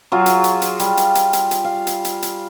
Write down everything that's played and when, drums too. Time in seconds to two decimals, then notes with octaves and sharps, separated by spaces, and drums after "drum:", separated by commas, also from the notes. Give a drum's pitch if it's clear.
0.12 F#3 F4 G#4
0.26 drum: hi-hat
0.44 drum: hi-hat
0.62 drum: hi-hat
0.79 G3, drum: hi-hat
0.97 drum: hi-hat
1.15 drum: hi-hat
1.33 drum: hi-hat
1.51 drum: hi-hat
1.64 F5
1.87 drum: hi-hat
2.05 drum: hi-hat
2.22 drum: hi-hat